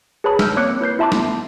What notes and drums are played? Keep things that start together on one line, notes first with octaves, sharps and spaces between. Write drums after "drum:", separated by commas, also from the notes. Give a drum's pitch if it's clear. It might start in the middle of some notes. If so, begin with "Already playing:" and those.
G#4 B4 C#5 A5 B5 D#6
E6 F6 G6, drum: snare
A#3 C4 C#5 D6 F#6 C#7
E4 B4 G6 C7
E4 E5 A5 B5 C6 D6
A3 B3, drum: snare